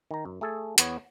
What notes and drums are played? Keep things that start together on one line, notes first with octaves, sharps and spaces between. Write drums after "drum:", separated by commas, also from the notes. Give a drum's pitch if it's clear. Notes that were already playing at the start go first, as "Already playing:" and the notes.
D#3 A#5
F#2
A3 G#4 A4
E2 B3 C#5, drum: hi-hat